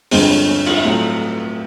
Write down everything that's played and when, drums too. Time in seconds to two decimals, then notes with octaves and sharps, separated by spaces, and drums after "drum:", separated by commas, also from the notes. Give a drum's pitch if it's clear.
0.11 G2 D3 F3 G#3 C4, drum: open hi-hat
0.30 C#4
0.49 C#4
0.66 F4, drum: cymbal
0.76 E4
0.85 A2 F#3 A3 C4 F4